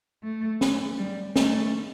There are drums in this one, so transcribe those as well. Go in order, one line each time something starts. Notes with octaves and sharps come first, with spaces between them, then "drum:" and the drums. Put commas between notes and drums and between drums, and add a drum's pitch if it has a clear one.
A3
drum: snare
G3
A3, drum: snare